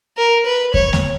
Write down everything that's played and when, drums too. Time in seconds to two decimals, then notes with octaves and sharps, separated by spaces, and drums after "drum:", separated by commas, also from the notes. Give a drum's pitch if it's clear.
0.18 A#4
0.46 B4
0.74 C#5, drum: kick E2
0.93 drum: snare A3